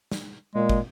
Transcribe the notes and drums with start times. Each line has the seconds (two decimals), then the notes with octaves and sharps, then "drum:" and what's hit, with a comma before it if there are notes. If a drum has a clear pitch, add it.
0.12 drum: snare
0.55 A#2 G#3
0.69 drum: kick